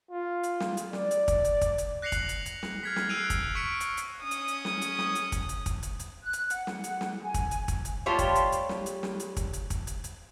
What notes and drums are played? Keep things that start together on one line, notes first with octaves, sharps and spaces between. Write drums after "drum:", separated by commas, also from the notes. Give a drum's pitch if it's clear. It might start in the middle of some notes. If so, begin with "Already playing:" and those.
F4
drum: hi-hat
drum: snare
drum: hi-hat
D5, drum: snare
drum: hi-hat
drum: kick, hi-hat
drum: hi-hat
drum: kick, hi-hat
drum: hi-hat
F#6 A#6 C7 C#7 F7 F#7
drum: kick, hi-hat
drum: hi-hat
drum: hi-hat
drum: snare
F6 G#6 B6
drum: snare
E6 F#6 C7 D7 D#7 F7
drum: kick, hi-hat
C#6 F6 B6 C#7 D7
drum: hi-hat
drum: hi-hat
C#4 D#6
drum: hi-hat
drum: hi-hat
drum: snare
drum: hi-hat
drum: snare
drum: hi-hat
drum: kick, hi-hat
drum: hi-hat
drum: kick, hi-hat
drum: hi-hat
drum: hi-hat
F#6
drum: hi-hat
F#5, drum: hi-hat
drum: snare
drum: hi-hat
drum: snare
G#5
drum: kick, hi-hat
drum: hi-hat
drum: kick, hi-hat
drum: hi-hat
G3 A3 F4 G4 C5 C#5
drum: kick, hi-hat
drum: hi-hat
drum: hi-hat
drum: snare
drum: hi-hat
drum: snare
drum: hi-hat
drum: kick, hi-hat
drum: hi-hat
drum: kick, hi-hat
drum: hi-hat
drum: hi-hat